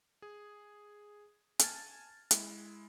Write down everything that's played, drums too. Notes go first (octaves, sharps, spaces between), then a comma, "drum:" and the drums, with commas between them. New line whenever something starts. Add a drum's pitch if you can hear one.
G#4
G#5 A5 F6 G#6 A6, drum: hi-hat
G#3 E4, drum: hi-hat